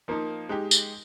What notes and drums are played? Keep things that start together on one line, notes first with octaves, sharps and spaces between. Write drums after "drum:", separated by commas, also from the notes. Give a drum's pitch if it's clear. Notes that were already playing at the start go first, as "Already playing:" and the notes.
F3 A#3 D#4
G#3 D#4 G4
drum: tambourine